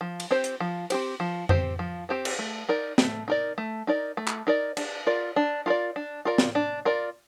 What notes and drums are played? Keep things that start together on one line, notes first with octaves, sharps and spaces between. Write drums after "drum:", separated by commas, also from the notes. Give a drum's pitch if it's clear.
F3
drum: cymbal
C4 G4 C5
drum: hi-hat
F3
C4 G4 C5, drum: cymbal
F3
C4 G4 C5, drum: tom F2
F3
C4 G4 C5
drum: cymbal
A3
D#4 A#4 D5
A3, drum: snare
D#4 A#4 D5
A3
D#4 A#4 D5
A3
drum: clap
D#4 A#4 D5
D4, drum: cymbal
F4 A#4 D5
D4
F4 A#4 D5
D4
F4 A#4 D5
drum: snare
D4
F4 A#4 D5